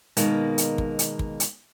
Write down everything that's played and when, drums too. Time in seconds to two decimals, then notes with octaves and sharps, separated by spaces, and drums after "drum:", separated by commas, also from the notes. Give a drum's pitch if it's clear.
0.17 B2 D#3 G#3 A#3, drum: hi-hat
0.58 drum: hi-hat
0.78 drum: kick
0.99 drum: hi-hat
1.19 drum: kick
1.40 drum: hi-hat